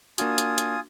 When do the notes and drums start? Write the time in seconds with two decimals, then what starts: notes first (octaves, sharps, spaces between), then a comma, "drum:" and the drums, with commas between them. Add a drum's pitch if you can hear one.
0.18 A#3 D4 F4 F#4 G#5 D#6, drum: hi-hat
0.38 drum: hi-hat
0.58 drum: hi-hat